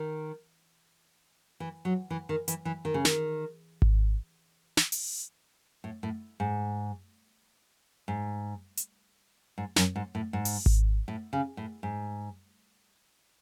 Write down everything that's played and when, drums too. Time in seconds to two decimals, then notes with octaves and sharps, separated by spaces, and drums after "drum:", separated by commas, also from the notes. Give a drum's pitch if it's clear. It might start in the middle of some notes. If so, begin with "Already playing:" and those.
Already playing: D#3
1.60 E3
1.85 F#3
2.10 E3
2.29 D#3
2.48 E3, drum: hi-hat
2.65 E3
2.85 D#3
2.94 C#3
3.05 D#3, drum: snare
3.82 drum: kick G#1
4.77 drum: snare
4.92 drum: open hi-hat
5.84 A2
6.03 A2
6.40 G#2
8.08 G#2
8.77 drum: hi-hat
9.58 G#2
9.76 F#2, drum: snare
9.96 G#2
10.15 A2
10.33 G#2
10.45 drum: open hi-hat
10.66 drum: kick G#1
11.08 A2
11.33 C#3
11.57 A2
11.83 G#2